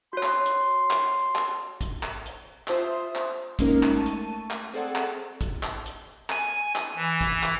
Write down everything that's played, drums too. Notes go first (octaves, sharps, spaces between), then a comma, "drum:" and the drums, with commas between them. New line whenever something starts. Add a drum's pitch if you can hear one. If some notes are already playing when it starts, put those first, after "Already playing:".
F#4 C#5 C6
drum: clap
drum: hi-hat
drum: clap
drum: clap
drum: kick, hi-hat
drum: clap
drum: hi-hat
F4 C5 E5 C6 D#6, drum: clap
drum: clap
G#3 A#3 C#4 D#4 A#4, drum: kick, hi-hat
drum: clap
A3 A5 C#6 D#7
drum: hi-hat
drum: clap
C4 G#4 A4 D5 F#5
drum: clap
drum: kick, hi-hat
drum: clap
drum: hi-hat
G#5, drum: clap
drum: clap
E3
drum: kick, hi-hat
drum: clap